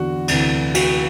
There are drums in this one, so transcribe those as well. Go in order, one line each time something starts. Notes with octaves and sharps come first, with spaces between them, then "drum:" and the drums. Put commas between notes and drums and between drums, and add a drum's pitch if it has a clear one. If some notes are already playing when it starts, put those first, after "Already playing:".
Already playing: E2 D3 F#4
D2 C3 E3, drum: cymbal
F#4, drum: cymbal